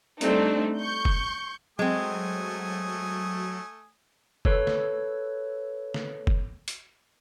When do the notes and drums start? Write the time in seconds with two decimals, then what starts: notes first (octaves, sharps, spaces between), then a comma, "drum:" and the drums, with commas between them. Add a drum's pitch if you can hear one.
0.21 G3 A3 C4 D4 D#4, drum: hi-hat
0.80 C#6 G6
1.05 drum: kick
1.79 F#3 G#3 A3 C4 G#5 D#6
4.45 A4 B4 C#5 E6, drum: kick
4.67 drum: snare
5.94 drum: snare
6.27 drum: kick
6.68 drum: hi-hat